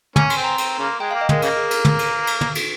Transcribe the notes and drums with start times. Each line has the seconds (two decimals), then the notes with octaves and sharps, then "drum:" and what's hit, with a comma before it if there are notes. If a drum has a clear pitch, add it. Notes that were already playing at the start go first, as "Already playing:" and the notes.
0.16 A#3 C#4 G#5, drum: tom
0.30 C6, drum: cymbal
0.37 C4
0.44 A#5
0.58 C4 C6, drum: cymbal
0.79 C#3 A#3 A#5
1.00 G#3 G5
1.11 A#3 F5
1.21 D#5
1.29 G#3 A#4, drum: tom
1.42 C#3 A#3 A#4, drum: cymbal
1.57 G#4
1.71 A#4, drum: cymbal
1.85 drum: tom
1.99 drum: cymbal
2.27 drum: cymbal
2.41 drum: tom
2.55 drum: cymbal